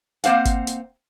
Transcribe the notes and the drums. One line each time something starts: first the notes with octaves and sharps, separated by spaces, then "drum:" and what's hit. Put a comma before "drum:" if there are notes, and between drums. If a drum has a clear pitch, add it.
A#3 C4 C5 F5 F#5, drum: hi-hat
drum: kick G#1, hi-hat
drum: hi-hat